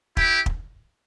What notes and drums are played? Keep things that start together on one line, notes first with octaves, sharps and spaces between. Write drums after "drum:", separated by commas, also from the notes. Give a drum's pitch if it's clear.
E4 G4, drum: kick
drum: kick